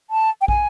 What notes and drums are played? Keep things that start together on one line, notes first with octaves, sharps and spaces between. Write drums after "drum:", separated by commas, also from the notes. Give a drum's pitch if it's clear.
A5
G5
G#5, drum: kick